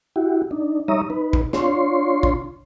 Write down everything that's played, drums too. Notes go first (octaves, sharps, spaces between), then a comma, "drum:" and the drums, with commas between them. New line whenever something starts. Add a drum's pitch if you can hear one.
E4 F#4 G4
D4 D#4
G3 D#4 C#5 E5 A#5 D#6
D#4 B4
drum: kick
D4 F4 C#5 C6, drum: snare
drum: kick